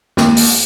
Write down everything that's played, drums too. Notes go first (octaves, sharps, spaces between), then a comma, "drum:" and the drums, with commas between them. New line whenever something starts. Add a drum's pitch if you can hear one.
D#2, drum: snare
drum: open hi-hat